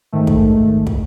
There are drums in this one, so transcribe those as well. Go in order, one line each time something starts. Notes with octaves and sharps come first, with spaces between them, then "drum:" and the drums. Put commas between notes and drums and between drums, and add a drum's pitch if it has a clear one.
G#2 D#3 A3
drum: kick
drum: kick